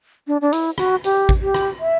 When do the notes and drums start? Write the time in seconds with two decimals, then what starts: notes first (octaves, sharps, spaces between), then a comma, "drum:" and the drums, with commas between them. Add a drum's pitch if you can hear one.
0.27 D4
0.41 D4
0.53 E4, drum: hi-hat
0.78 F#4, drum: rim click
1.04 G4, drum: hi-hat
1.29 drum: kick A1
1.42 G4
1.54 drum: rim click
1.80 E5